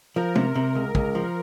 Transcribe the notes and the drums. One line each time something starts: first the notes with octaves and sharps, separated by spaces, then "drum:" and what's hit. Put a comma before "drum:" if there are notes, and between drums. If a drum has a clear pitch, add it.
F3 A#4
C3, drum: tom
C3
C#2
C#2, drum: kick
F3